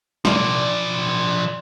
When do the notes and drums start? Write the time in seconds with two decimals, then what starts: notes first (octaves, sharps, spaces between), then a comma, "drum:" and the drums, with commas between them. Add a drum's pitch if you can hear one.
0.25 F3 D5, drum: snare